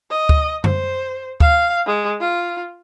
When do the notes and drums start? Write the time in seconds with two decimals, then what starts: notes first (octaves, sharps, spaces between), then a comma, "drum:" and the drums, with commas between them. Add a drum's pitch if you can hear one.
0.10 D#5
0.29 drum: kick D2
0.64 C5, drum: tom F#2
1.40 F5, drum: kick D2
1.86 G#3
2.20 F4